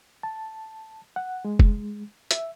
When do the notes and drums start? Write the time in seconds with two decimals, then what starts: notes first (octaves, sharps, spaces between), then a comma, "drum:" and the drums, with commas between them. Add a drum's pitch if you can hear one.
0.23 A5
1.16 F#5
1.45 G#3
1.59 drum: kick F1
2.31 E5, drum: hi-hat